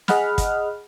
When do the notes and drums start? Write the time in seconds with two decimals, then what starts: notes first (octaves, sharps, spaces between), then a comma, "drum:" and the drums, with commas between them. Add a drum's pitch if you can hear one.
0.08 G#4 D#5 F#5 B5 F6, drum: snare
0.38 drum: kick, hi-hat